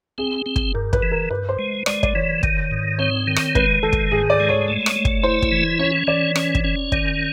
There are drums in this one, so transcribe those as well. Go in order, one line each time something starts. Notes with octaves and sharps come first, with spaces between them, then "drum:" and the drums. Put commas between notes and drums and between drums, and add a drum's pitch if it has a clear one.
C4 G#4
C4
drum: kick
G2 A#4
B4, drum: kick
E3
A#4
G2 B4
C5
G#3
G#3 D5, drum: rim click
D5, drum: kick
E3 C#5
D#3, drum: kick
G#2
C4 C#5
D#3
drum: rim click
G#3 B4, drum: kick
D#3 A4
drum: kick
G#2 G#4
D5
G#3
C#5
A3
drum: rim click
A3
drum: kick
E4 C5
drum: kick
E3
C#4 C#5
E3 D5
C#4, drum: rim click
drum: kick
C#4
D#3 D5, drum: kick